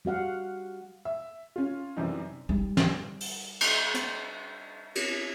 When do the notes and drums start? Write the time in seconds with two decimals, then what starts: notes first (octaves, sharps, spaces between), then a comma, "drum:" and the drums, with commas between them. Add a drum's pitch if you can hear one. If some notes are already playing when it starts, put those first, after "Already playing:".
0.05 G3 F#4 F5 F#5
1.05 E5
1.56 C#4 F4
1.97 F#2 C3 E3 G3 C4 D#4
2.49 G3 D#4
2.77 drum: snare
3.21 drum: open hi-hat
3.61 drum: cymbal
3.94 drum: hi-hat
4.95 drum: cymbal